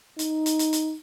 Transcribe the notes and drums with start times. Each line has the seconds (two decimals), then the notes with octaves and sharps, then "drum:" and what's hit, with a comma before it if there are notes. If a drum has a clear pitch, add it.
0.19 D#4, drum: hi-hat
0.46 drum: hi-hat
0.59 drum: hi-hat
0.73 drum: hi-hat